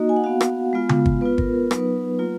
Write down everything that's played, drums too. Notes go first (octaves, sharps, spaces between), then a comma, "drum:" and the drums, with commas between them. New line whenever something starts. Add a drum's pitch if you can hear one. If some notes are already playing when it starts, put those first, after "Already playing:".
Already playing: A#3 D#4 F#4 D#5
G#5
F#5
B3 F#4 F5
drum: rim click
G#3 B3 F4
drum: tom C#3
drum: kick
B3 F4 B4
A#4, drum: kick
A#4
F#3 B3 D#4 B4, drum: rim click
F#3 A#3 F4